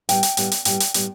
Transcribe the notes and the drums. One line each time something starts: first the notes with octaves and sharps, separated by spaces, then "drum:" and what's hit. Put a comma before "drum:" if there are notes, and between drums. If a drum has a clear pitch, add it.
A2 G3 B3 G5, drum: hi-hat
drum: hi-hat
A2 G3 B3, drum: hi-hat
drum: hi-hat
A2 G3 B3 G5, drum: hi-hat
drum: hi-hat
A2 G3 B3, drum: hi-hat